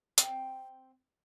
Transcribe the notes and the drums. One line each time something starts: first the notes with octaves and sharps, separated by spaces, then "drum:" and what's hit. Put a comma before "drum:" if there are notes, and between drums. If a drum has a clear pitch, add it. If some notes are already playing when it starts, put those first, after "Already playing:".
C4 G5, drum: hi-hat